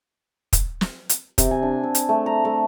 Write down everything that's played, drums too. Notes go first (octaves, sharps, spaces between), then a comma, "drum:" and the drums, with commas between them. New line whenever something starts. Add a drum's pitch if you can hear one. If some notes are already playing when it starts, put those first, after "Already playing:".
drum: kick, hi-hat
drum: snare
drum: hi-hat
C3, drum: kick, hi-hat
G#5
D4
C4
drum: hi-hat
A3
A#5
A3